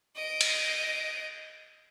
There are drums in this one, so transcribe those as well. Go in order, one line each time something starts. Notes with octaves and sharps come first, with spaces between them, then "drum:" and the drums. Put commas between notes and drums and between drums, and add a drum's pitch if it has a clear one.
D#5 D7
drum: cymbal